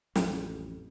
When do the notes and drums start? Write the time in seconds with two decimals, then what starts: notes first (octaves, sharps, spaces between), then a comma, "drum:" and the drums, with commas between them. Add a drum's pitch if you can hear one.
0.15 A1 F2, drum: snare